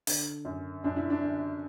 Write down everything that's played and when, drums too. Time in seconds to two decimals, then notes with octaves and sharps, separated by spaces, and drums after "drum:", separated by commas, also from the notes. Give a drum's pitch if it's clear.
0.07 D3, drum: open hi-hat
0.45 F#2
0.84 F#2 D4
0.96 E4
1.10 D4
1.22 D3